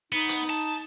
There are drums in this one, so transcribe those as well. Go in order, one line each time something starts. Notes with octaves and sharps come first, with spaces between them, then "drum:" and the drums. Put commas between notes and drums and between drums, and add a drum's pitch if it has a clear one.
B3 D#4
drum: hi-hat
A5